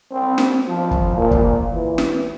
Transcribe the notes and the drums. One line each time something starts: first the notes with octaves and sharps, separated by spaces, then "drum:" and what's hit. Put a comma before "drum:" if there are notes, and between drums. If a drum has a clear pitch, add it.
C4
drum: snare
F3
drum: kick
A#2
drum: kick
E3
drum: snare